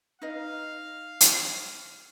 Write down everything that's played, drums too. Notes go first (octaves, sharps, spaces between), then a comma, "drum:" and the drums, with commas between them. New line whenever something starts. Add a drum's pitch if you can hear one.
D#4 B4 D#5 F5
drum: hi-hat